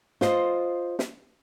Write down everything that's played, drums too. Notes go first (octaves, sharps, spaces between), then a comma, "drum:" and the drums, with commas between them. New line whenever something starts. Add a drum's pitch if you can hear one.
F4 C5 D#5, drum: snare
drum: snare